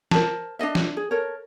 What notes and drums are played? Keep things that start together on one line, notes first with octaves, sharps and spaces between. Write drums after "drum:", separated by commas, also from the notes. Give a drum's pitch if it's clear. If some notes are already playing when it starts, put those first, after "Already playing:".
A#4 C5 A5, drum: snare
D4 G#4 D#5 E5
drum: snare
G#4
A4 A#4 C#5